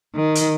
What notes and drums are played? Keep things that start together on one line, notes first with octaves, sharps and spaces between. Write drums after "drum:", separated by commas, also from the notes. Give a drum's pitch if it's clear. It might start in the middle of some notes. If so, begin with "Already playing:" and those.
D#3
drum: hi-hat